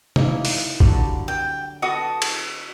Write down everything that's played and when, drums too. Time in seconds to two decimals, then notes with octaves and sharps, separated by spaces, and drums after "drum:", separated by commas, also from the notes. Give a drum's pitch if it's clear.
0.16 A#3 D#4 E4, drum: tom
0.45 drum: open hi-hat
0.80 D3 F#3 G3, drum: kick
1.28 G5
1.82 F#4 A4 B4 D#5 D#6
2.22 drum: cymbal